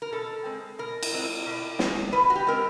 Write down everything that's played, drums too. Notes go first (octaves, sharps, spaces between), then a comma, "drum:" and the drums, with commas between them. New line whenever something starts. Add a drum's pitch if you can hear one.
A#4
B2 A4
G#3 C4
B2 A#4
drum: cymbal
G#3 C4
B2
G#3 C4, drum: snare
B2 B4
F#4
G4
G#3 C4 A#4